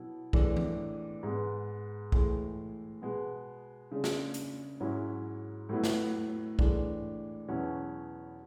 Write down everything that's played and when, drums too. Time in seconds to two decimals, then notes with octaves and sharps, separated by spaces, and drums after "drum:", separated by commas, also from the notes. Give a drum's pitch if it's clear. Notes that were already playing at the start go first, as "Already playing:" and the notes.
Already playing: B2 F#3 E4
0.33 A2 E3 G#3 D4, drum: kick B1
0.57 drum: tom E3
1.23 G#2 G#3 B3
2.12 A2 E3 G#3, drum: kick B1
3.02 B2 G#3 B3
3.91 C#3 G#3 D4
4.04 drum: snare
4.34 drum: hi-hat
4.80 G#2 F#3 C#4 E4
5.69 A2 F#3 B3 E4
5.84 drum: snare
6.59 A2 E3 G#3 D4, drum: kick B1
7.48 E2 B2 F#3 C#4 E4